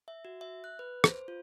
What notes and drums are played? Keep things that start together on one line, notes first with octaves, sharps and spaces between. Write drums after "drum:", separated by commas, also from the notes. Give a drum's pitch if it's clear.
E5
F#4
E5
F#6
B4
C5, drum: rim click
F4